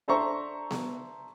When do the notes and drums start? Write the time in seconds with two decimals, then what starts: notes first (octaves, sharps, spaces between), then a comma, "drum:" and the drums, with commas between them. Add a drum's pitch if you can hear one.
0.08 D4 A4 C5 E5 A#5 C#6
0.71 drum: snare B3